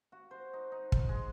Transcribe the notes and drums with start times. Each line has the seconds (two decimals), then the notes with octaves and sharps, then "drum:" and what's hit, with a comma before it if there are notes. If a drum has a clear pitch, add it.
0.12 F#4
0.31 C5
0.53 D#4
0.72 D#4
0.92 drum: kick
1.09 G#3